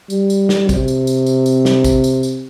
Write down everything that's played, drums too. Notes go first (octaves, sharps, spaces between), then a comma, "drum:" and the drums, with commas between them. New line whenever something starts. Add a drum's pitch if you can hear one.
G3, drum: tambourine
drum: tambourine
drum: snare
C3, drum: kick, tambourine
drum: tambourine
drum: tambourine
drum: tambourine
drum: tambourine
drum: snare
drum: kick, tambourine
drum: tambourine
drum: tambourine